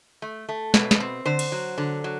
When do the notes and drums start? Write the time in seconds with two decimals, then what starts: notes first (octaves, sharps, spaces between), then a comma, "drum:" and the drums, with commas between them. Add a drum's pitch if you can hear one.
0.22 A3
0.49 A3
0.74 B2 B4, drum: snare
0.91 drum: snare
1.00 C4
1.26 D3 C5
1.39 drum: cymbal
1.52 F#3
1.78 D3
2.04 F#3